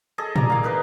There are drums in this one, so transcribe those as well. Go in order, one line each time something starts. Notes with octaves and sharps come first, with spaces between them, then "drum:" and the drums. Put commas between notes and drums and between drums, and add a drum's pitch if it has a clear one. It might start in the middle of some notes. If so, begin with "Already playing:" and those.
G#4 A4 D#5
D5 A#5, drum: tom A2
A#3 F5
D#4 A#4 B4 D#5